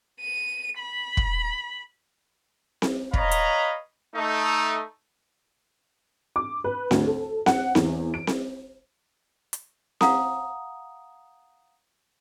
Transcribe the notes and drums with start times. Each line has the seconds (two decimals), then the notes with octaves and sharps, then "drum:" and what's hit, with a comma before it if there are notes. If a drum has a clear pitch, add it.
0.21 D#7
0.78 B5
1.17 drum: kick
2.82 drum: snare C4
3.13 B4 C#5 D#5 F5 A#5 B5, drum: kick
3.31 drum: hi-hat
4.15 A3 D#4
6.36 D6
6.64 B4
6.91 D2, drum: snare C4
7.07 A4
7.46 F#5, drum: snare C4
7.75 E2, drum: snare C4
8.14 D7
8.27 drum: snare C4
9.53 drum: hi-hat
10.01 F5 F#5 A#5 D#6, drum: snare C4